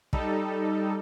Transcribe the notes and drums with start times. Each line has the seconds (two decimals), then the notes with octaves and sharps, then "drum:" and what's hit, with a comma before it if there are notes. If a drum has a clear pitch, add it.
0.13 G3 D#4 A4, drum: kick